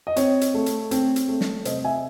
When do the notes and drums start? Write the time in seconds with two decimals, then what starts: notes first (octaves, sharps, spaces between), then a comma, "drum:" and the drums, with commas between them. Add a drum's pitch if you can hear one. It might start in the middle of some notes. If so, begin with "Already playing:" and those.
0.07 D#5
0.16 C4 C#5, drum: hi-hat
0.41 drum: hi-hat
0.54 A3
0.66 drum: hi-hat
0.91 C4, drum: hi-hat
1.16 drum: hi-hat
1.28 A3
1.41 drum: snare
1.65 C3 C5 D#5, drum: hi-hat
1.84 E5 G#5